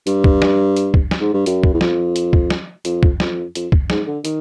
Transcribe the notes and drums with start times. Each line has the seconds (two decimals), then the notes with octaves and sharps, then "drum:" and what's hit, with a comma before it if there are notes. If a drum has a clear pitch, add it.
0.07 G2, drum: hi-hat
0.24 drum: kick
0.42 drum: snare
0.77 drum: hi-hat
0.94 drum: kick
1.11 drum: snare
1.21 G#2
1.33 G2
1.46 F#2, drum: hi-hat
1.63 drum: kick
1.74 E2
1.81 F2, drum: snare
2.16 drum: hi-hat
2.33 drum: kick
2.50 drum: snare
2.85 F2, drum: hi-hat
3.03 drum: kick
3.20 F2, drum: snare
3.55 F2, drum: hi-hat
3.72 drum: kick
3.90 G#2, drum: snare
4.07 D3
4.25 D#3, drum: hi-hat